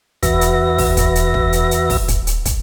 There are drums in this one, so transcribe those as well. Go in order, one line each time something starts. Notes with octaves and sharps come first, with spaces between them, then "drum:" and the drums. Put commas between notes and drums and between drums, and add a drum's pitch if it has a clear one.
E2 F#4 B4 E5 A#6, drum: kick, hi-hat
drum: hi-hat
drum: kick, open hi-hat
drum: kick, hi-hat
drum: hi-hat
drum: kick
drum: hi-hat
drum: hi-hat
drum: kick, open hi-hat
drum: kick, hi-hat
drum: hi-hat
drum: kick, hi-hat